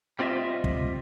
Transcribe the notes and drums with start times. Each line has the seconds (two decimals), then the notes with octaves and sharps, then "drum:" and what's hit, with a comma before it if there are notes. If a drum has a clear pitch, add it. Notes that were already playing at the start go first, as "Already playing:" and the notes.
0.19 G3 C4 F4 D#5 E5
0.64 drum: kick